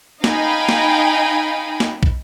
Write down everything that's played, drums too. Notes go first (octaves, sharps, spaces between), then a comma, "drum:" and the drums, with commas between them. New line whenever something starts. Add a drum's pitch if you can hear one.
D#4 D#5 F5 G5 G#5 B5, drum: snare
drum: snare
drum: snare
drum: kick